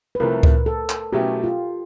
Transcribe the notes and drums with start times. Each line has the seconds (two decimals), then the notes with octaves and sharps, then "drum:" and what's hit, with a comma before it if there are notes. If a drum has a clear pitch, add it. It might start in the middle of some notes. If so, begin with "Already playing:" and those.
0.15 B4
0.20 C2 C3 F3 A3 A#4
0.43 drum: kick C#2
0.66 A4
0.90 drum: clap
1.13 B2 F#3 A3 C#4 E4 G4
1.44 F4